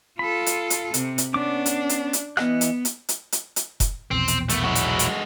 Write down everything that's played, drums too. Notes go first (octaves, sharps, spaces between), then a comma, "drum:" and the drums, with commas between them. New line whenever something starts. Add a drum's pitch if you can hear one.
F4 A4 B5
drum: hi-hat
drum: hi-hat
C3, drum: hi-hat
drum: hi-hat
B3 C#4 D4 D6
drum: hi-hat
drum: hi-hat
drum: hi-hat
E3 B3 D#5 F#6, drum: rim click
drum: hi-hat
drum: hi-hat
drum: hi-hat
drum: hi-hat
drum: hi-hat
drum: kick F1, hi-hat
A#1 E2 B2 C4
drum: hi-hat
A3 B3, drum: hi-hat
F#3 G#3 E4 F#4
drum: hi-hat
drum: hi-hat